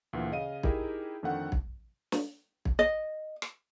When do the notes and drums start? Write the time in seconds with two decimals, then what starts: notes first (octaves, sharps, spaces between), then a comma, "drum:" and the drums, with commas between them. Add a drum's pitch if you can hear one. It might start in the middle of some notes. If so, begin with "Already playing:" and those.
0.13 D2 A#2 E3
0.32 C#3 D#5 F5 D#7
0.63 D#4 E4 G4 G#4 A#4 E5, drum: kick
1.23 F2 D3 D#3 A3 F#5
1.52 drum: kick
2.12 drum: snare
2.65 drum: kick
2.79 D#5
3.42 drum: rim click